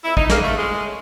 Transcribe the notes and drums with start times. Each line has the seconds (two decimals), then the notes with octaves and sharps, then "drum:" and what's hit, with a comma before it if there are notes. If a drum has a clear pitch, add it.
0.03 F2 E4
0.17 D#4, drum: kick
0.29 C#3 E3 A#3, drum: snare
0.43 A3
0.56 F2 G#3
0.83 C#3